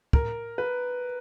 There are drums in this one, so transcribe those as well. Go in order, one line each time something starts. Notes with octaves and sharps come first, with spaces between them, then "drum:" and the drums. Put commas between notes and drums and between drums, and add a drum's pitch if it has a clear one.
A#4, drum: kick
B4